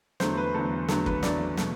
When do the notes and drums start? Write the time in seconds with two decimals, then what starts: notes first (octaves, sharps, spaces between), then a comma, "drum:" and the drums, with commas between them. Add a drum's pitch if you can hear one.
0.20 E2 D3 F#3 A3 C5, drum: snare
0.37 B4
0.54 E2 D3 F#3 A3 A4
0.89 E2 D3 F#3 A3 A4, drum: snare
1.06 B4, drum: kick
1.23 E2 D3 F#3 A3 D5, drum: snare
1.57 B2 A3, drum: snare